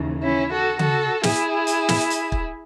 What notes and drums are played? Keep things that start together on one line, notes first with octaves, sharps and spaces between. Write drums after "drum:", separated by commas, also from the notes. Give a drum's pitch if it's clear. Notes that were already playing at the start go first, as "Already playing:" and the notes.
Already playing: D#2 C#3 E3
C#4 E4
F#4 A4
F#4 A4, drum: tom C#3
E4 G#4, drum: snare
drum: hi-hat
drum: snare
drum: hi-hat
drum: kick